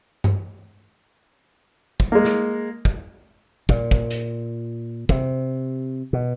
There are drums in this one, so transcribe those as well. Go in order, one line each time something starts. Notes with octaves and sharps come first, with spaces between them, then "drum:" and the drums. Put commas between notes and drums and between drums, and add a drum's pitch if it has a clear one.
drum: tom G2
drum: kick
G#3 A#3
drum: snare
drum: kick
A#2, drum: kick
drum: kick
drum: hi-hat
C3, drum: kick
B2